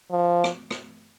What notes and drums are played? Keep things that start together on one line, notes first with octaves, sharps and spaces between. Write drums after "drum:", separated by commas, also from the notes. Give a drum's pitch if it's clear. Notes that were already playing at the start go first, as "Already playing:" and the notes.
F3
drum: rim click
drum: rim click